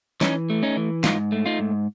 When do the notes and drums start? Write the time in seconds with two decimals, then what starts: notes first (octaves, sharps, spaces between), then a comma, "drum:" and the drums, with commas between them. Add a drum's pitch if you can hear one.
0.21 E3 C#4 D#4, drum: snare
0.50 A3
0.63 C#4 D#4
0.77 E3
1.04 G#2 D#4 F4, drum: snare
1.32 A3
1.46 D#4 F4
1.59 G#2